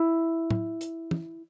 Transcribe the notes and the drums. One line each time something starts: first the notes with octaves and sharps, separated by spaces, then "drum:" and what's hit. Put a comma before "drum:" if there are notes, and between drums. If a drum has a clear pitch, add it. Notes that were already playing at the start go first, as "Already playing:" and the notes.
Already playing: E4
drum: tom A2
drum: hi-hat
drum: tom